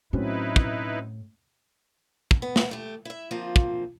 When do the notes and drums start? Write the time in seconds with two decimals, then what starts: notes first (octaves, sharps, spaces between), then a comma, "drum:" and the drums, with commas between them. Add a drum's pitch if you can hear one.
0.13 A2 F#3 C4 C#4 D#4 E4 B4
0.56 drum: kick
2.31 drum: kick
2.42 B3
2.56 drum: snare
2.71 A3 G4
3.05 E4 E5
3.31 D2 F3 A#3 C4 F4
3.56 drum: kick